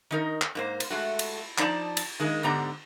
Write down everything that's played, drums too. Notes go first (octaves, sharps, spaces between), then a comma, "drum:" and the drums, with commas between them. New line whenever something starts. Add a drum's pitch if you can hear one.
D#3 D#4 A#4
drum: clap
G#2 A#3 C5
drum: cymbal
G#3 A3 F#4
drum: cymbal
F3 D#4 D5 A5 A#5, drum: clap
drum: cymbal
D#3 G#3 A#3
G#2 D3 B3 G4 A#5